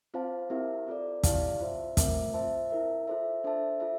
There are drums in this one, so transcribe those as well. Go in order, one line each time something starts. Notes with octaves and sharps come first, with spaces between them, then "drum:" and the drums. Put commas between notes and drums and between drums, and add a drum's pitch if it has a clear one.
C4 F4 C5 F5 A5
C4 E4 G4 A#4 E5
C4 F4 A4 D5
E4 G4 D5 F5 A5, drum: kick, hi-hat
F4 C5 E5
A3 C4 F4 A#4 E5, drum: kick, hi-hat
F4 C5 E5 A5
E4 A#4 E5
F4 A4 C5 E5
D4 A4 C5 E5 A5
F4 A4 E5